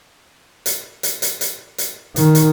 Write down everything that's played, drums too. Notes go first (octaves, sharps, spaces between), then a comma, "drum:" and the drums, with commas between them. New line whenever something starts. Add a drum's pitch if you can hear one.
drum: hi-hat
drum: hi-hat
drum: hi-hat
drum: hi-hat
drum: hi-hat
D#3, drum: hi-hat
drum: hi-hat